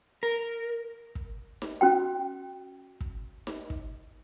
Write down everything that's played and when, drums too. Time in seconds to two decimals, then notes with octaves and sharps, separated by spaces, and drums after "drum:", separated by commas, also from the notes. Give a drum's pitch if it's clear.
0.23 A#4
1.15 drum: kick
1.62 drum: snare D#4
1.81 C#4 F#4 G5
3.01 drum: kick
3.47 drum: snare D#4
3.70 drum: kick